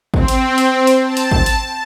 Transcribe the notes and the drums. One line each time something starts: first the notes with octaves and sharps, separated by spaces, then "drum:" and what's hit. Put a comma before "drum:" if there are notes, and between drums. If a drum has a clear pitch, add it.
C4, drum: kick
drum: hi-hat
drum: hi-hat
drum: hi-hat
A5
drum: hi-hat
drum: kick
drum: hi-hat